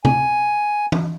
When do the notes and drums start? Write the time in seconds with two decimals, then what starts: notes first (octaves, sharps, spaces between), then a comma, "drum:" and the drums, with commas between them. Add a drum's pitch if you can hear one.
0.05 G#5, drum: tom C3
0.92 drum: tom